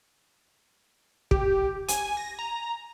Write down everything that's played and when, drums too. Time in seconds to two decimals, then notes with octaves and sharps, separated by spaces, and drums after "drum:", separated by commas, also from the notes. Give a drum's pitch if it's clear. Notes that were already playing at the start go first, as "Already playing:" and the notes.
1.31 G4, drum: kick
1.88 G#5, drum: hi-hat
2.17 A#6
2.39 A#5